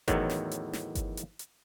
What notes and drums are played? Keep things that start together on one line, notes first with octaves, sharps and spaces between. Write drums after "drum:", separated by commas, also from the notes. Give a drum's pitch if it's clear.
E2 A2 D#3 F#3, drum: kick G1, hi-hat
drum: snare
drum: hi-hat
drum: snare
drum: kick G1, hi-hat
drum: hi-hat
drum: hi-hat